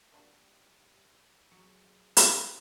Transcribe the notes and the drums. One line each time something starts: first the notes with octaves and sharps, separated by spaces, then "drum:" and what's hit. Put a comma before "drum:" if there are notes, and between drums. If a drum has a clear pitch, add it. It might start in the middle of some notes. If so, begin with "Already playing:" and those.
G3 A#3 D4 F#4
F#3 G#4
drum: hi-hat